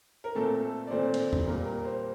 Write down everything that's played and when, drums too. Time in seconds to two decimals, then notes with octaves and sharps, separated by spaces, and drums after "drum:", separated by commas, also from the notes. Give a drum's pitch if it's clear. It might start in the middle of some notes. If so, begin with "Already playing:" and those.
0.24 A#4
0.35 A#2 A3 C4 A4
0.63 A4
0.87 D5
0.91 A#2 A3 C4 C5
1.14 drum: cymbal
1.33 drum: tom E2
1.47 A#2 G3 A#3 A#4
1.65 A#4
1.85 C5